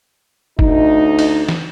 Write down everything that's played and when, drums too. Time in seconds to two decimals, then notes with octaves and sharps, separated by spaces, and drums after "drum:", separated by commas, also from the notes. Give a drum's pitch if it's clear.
0.59 D2 D#4, drum: kick
1.19 drum: cymbal
1.49 drum: snare